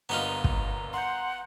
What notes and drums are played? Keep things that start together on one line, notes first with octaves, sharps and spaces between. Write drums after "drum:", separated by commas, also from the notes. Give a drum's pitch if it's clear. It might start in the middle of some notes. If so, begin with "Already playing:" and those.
G1 G2 A#3 B3 D#4 F4 A#5
drum: kick
F#5 C6 G6